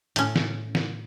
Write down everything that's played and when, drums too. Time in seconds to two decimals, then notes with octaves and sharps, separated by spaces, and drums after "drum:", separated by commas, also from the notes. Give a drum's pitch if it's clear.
0.16 A2 C#4, drum: hi-hat
0.36 drum: snare
0.75 drum: snare